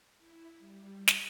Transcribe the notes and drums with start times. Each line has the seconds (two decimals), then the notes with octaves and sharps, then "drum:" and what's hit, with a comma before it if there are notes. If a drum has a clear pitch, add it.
0.18 E4
0.58 G3
1.08 drum: snare